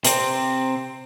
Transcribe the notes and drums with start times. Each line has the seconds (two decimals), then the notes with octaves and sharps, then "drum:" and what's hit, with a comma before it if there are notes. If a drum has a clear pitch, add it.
0.05 C3 C4, drum: hi-hat